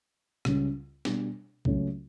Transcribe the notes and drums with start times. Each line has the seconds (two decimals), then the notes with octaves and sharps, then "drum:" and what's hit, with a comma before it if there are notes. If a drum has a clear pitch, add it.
0.45 C#2 C#3 G3 C#4, drum: rim click
1.05 B2 G3 D4, drum: snare
1.65 C#2 C#3 F#3 A3 C#4, drum: kick